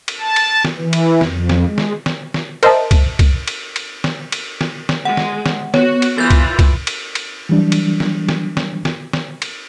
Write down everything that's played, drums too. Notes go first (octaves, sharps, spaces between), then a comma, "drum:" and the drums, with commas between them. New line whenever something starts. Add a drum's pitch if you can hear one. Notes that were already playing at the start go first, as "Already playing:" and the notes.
drum: cymbal
A5
drum: cymbal
drum: snare
E3
drum: cymbal
F2, drum: snare
drum: snare
G#3
drum: snare
drum: snare
drum: snare
A#4 C5 D#5 E5 A5, drum: cymbal
drum: kick, cymbal
drum: kick, cymbal
drum: cymbal
drum: cymbal
drum: snare
drum: cymbal
drum: snare
drum: snare
G#3 F#5
drum: snare
drum: snare
B3 F#4 C#5, drum: snare
drum: cymbal
E3 F4 G6 A6
drum: kick, cymbal
drum: kick, cymbal
drum: cymbal
drum: cymbal
E3 F#3 G3 D4
drum: cymbal
drum: snare
drum: snare
drum: snare
drum: snare
drum: snare
drum: cymbal